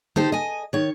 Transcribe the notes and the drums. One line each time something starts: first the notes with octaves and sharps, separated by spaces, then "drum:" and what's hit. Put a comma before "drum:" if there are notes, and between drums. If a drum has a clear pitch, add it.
D#4 G4 A4 C5, drum: tom D3
D#5 G#5
D#3 C#5